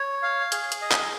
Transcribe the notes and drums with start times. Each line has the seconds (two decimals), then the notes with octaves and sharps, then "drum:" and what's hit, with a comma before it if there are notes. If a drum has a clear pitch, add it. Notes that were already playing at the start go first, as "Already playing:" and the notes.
Already playing: C#5
0.23 F5
0.52 G#4, drum: hi-hat
0.72 drum: hi-hat
0.82 D#5
0.91 drum: clap